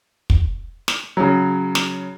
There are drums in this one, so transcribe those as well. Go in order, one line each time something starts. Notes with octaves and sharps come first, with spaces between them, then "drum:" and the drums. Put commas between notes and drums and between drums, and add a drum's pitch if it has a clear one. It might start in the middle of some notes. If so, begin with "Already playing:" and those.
drum: kick
drum: snare
C#3 F#3
drum: snare